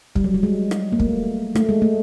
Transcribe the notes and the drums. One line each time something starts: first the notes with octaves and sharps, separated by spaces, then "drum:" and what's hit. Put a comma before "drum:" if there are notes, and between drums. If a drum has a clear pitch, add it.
G3, drum: kick
F#3
G3
G#3
drum: rim click
A#3
A3, drum: kick
A3, drum: rim click
G#3
A3